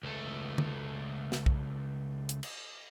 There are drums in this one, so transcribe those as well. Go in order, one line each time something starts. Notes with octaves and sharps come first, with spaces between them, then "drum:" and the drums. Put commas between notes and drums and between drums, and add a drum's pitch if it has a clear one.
C#2 A3
drum: tom D3
drum: snare
drum: kick
drum: hi-hat
drum: cymbal